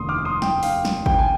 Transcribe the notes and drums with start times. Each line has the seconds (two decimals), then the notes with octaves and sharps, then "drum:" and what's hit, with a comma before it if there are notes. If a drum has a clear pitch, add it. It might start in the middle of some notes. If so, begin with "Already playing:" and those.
Already playing: F1 D#2 D3 C6 D#6
0.09 D6 F6
0.25 C6 D#6
0.42 G5, drum: snare
0.63 F5, drum: open hi-hat
0.85 drum: snare
1.06 G5, drum: kick
1.19 G#5